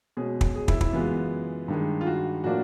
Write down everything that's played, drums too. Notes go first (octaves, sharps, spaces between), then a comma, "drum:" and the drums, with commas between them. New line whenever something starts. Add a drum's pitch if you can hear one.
B2 G#3 C#4 G#4
drum: kick
G#4
E4, drum: kick
E4, drum: kick
F#2 C#3 E3 G#3 B3 F4
G2 D#3 G#3
F4
F#4
A2 F3 A#3 D4 F#4